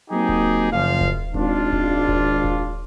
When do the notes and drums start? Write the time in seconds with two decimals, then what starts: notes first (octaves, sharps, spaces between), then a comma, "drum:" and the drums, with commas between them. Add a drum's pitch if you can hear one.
0.11 F#3 A#3 C4 D#4 G4 G#4
0.29 drum: kick D#1
0.72 F#1 F3 F5
1.01 drum: kick D#1
1.34 G#1 D4 F4, drum: kick D#1
1.72 drum: kick D#1
2.08 drum: kick D#1
2.44 drum: kick D#1